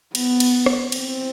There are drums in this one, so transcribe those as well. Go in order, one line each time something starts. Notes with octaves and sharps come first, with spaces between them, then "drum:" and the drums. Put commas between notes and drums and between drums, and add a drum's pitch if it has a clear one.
B3, drum: cymbal
drum: cymbal
drum: rim click
C4, drum: cymbal